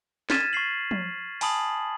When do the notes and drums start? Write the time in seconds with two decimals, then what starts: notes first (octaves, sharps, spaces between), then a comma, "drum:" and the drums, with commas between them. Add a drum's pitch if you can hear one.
0.30 F6 G#6 A6 B6 D#7 E7, drum: snare
0.53 C#6 A6 C7 F#7
0.91 drum: tom F3
1.41 G#5 A5 B5 D#6 F#7, drum: open hi-hat